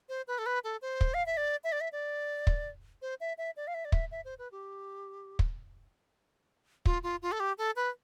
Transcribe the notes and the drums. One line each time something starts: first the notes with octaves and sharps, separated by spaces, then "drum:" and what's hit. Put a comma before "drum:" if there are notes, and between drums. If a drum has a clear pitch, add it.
C5
B4
A4
B4
A4
C5
drum: kick
F5
E5
D5
E5
D5
E5
D5
drum: kick
C5
E5
E5
D5
F5
E5
D5
E5, drum: kick
E5
C5
B4
G4
drum: kick
F4, drum: kick
F4
F4
A4
G4
A4
B4